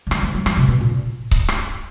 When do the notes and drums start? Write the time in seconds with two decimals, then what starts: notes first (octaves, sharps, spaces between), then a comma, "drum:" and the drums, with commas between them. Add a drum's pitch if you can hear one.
0.07 D3
0.11 D#3, drum: rim click
0.23 F3
0.34 F#3
0.46 F3, drum: rim click
0.57 C3
0.68 B2
0.81 A#2
1.31 drum: kick C#1
1.48 drum: rim click